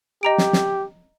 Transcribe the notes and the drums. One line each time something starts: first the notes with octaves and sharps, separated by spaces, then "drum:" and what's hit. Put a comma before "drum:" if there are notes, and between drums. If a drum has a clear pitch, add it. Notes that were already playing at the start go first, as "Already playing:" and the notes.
G4 D#5 A#5 D7
drum: snare
drum: snare